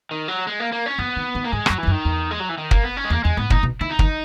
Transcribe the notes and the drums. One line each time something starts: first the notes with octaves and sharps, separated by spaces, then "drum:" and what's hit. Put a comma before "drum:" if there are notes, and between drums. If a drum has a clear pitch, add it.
D#3
F#3
G#3
A#3
A#3
C#4
F#2 B3
D#3
D#3
A#3
G#2 G#3
F#2 F#3, drum: rim click
E3
E2
F#2
D#3
E2
G#3
F#3
E3
D#3
A#3, drum: kick
B3
C#4
G#3
E2 A#3
E2 G#3
G#2 B3
A#2 D#4, drum: kick
B2
D#3 E4
D#4
D#3, drum: kick